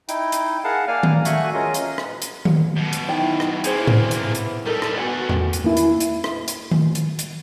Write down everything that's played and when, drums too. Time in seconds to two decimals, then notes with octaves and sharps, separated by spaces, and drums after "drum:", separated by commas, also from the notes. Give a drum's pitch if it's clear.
0.09 D#4 E4 G5, drum: hi-hat
0.32 drum: hi-hat
0.64 G#4 A#4 F5 F#5 A5
0.88 A#3 D5 F5 G#5 F6
1.03 drum: tom D#3
1.25 A3 F#4 E5 G#5 C#6 F#6, drum: hi-hat
1.54 C#4 F4 G#4 A#4 D#5
1.74 drum: hi-hat
1.98 drum: rim click
2.22 drum: hi-hat
2.45 drum: tom D#3
2.76 F#2 B2
2.93 drum: hi-hat
3.09 D#4 E4 G5
3.40 drum: rim click
3.64 E2 C3 E3 A#3 G#4 C5, drum: hi-hat
3.87 drum: tom G#2
4.11 drum: hi-hat
4.35 drum: hi-hat
4.66 G3 D#4 A4 A#4
4.82 drum: rim click
4.98 A3 B3 F#4 F#5 G#5
5.29 drum: tom E2
5.53 drum: hi-hat
5.64 A#3 E4
5.77 drum: hi-hat
6.00 drum: hi-hat
6.24 drum: rim click
6.48 drum: hi-hat
6.71 drum: tom D#3
6.95 drum: hi-hat
7.19 drum: hi-hat